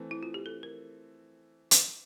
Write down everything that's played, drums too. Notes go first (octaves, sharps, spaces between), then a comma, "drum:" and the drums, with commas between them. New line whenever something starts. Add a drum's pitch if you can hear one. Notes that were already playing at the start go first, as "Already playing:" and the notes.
Already playing: E3 A3 C4
E4
F4
G4
A4
A#4
drum: hi-hat